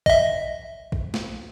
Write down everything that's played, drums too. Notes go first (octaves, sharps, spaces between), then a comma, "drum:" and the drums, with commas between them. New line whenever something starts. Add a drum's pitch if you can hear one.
D#5 E5, drum: kick
drum: kick
drum: snare